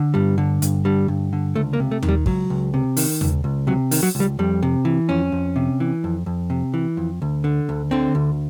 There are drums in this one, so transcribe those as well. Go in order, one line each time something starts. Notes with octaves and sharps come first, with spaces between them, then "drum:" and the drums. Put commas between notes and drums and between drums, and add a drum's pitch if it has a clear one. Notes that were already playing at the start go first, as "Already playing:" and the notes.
Already playing: D3
G2 G3
D3
G2, drum: hi-hat
D3 G3
G2
D3
C#2 A3
A#3
C3
A3
D#3, drum: tom D#2
G3
C#2 F#3, drum: kick
C#2
C3
D#3, drum: open hi-hat
C#2, drum: tom D#2
C#2
C3 F#3
D#3, drum: open hi-hat
F#3
C#2
G3
F2 G3
C3
E3
F2 C#4
F2
C3
E3
F2
F2
C3
E3
F2
D2
D3
D2
D3 C4
D2